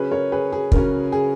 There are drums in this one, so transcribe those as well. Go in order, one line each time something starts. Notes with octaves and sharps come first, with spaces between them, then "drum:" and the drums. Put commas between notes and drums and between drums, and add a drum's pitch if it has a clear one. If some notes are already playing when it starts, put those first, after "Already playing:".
Already playing: C#3 F#3 C#4 G#4 B4
A#4 C#5
G#4 B4
G#4
C#3 F#3 C#4 A#4, drum: kick
G#4